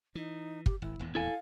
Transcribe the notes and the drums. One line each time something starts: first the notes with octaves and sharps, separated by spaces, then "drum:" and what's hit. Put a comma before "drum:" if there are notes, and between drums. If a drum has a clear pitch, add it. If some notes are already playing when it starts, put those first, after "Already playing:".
E3 D#4
G4, drum: kick
G#1 E4
D#1 E2 A2
E4 A4 F5 G#5